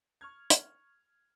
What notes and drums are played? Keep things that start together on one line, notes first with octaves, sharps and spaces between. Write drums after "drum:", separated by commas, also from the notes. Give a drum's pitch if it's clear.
C#6 F6 G#6
drum: hi-hat